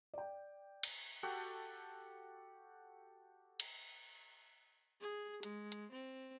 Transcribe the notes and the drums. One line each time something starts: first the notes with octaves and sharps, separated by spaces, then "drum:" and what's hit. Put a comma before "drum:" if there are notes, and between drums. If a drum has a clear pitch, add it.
D5 G5
drum: cymbal
F#4 G4 A4 F#5
drum: cymbal
G#4
G#3, drum: hi-hat
drum: hi-hat
C4